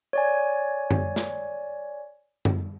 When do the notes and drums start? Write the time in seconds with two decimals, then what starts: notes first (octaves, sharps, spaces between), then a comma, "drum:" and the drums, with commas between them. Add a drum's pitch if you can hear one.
0.13 C#5 D5 G#5
0.91 drum: tom F#2
1.16 drum: snare
2.45 drum: tom F#2